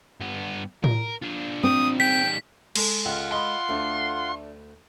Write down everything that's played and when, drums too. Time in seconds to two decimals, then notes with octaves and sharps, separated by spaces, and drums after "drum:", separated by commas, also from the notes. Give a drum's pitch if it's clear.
0.20 G2 B3
0.84 A#4, drum: tom A2
1.22 D4 F4
1.63 C4 D#6
2.00 G3 D#4 G5 B6
2.76 G#3 A4, drum: cymbal
3.05 C#2 F4 F#5
3.32 D#5 B5 C6
3.69 D2 A3 D4